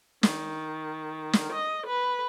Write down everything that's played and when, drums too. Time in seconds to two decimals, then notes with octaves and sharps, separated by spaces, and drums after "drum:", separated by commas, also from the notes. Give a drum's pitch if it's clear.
0.23 D#3, drum: snare
1.33 drum: snare
1.52 D#5
1.86 B4